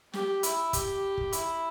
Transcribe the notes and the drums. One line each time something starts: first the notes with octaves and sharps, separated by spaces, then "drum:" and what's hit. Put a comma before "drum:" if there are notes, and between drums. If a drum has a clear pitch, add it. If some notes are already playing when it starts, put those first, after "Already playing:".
G4, drum: snare
E4, drum: hi-hat
G4, drum: kick, hi-hat
drum: kick
E4, drum: hi-hat